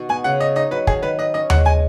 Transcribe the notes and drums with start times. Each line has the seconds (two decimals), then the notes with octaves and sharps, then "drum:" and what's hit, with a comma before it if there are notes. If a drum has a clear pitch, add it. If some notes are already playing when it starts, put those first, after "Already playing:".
Already playing: B2 D#3 F#4
0.09 B3 G#5
0.24 C#3 F#5
0.40 C#5 D#5
0.56 D#4 D#5
0.71 F#3 B4
0.87 D#3 G#4, drum: kick
1.02 D#3 B4
1.19 B4 D#5
1.34 C#4 D#5
1.50 G#3 F#5, drum: tom D#2
1.65 D#5 G#5